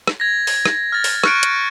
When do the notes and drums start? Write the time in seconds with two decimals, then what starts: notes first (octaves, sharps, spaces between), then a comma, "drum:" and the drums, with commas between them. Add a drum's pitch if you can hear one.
0.07 drum: rim click
0.20 G#6 A#6
0.47 G#6, drum: open hi-hat
0.66 drum: rim click
0.92 F6 A6
1.04 drum: open hi-hat
1.24 C#6 F6 F#6 C#7 D7, drum: rim click
1.43 drum: hi-hat